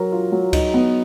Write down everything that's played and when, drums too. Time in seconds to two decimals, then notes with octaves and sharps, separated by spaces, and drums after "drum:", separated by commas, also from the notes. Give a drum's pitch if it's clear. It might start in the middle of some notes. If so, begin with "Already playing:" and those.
Already playing: F#3 A#4
0.12 F4
0.32 F#3
0.53 D#4, drum: kick C#2, cymbal
0.74 B3